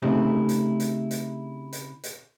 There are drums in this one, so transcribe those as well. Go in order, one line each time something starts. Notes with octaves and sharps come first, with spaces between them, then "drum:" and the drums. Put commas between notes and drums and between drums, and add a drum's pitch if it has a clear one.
C#3 A3 C4 D#4 E4 G4
drum: hi-hat
drum: hi-hat
drum: hi-hat
drum: hi-hat
drum: hi-hat